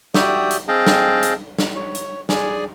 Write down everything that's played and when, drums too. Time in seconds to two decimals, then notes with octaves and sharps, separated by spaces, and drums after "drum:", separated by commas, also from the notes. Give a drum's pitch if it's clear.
0.14 F#4 G4 D5 E5 G5 D#6, drum: snare
0.50 drum: hi-hat
0.68 C4 G#4 D#5 F5 G5 A5
0.86 drum: snare
1.23 drum: hi-hat
1.59 drum: snare
1.76 C#5
1.95 drum: hi-hat
2.29 G#4 D5 G#5, drum: snare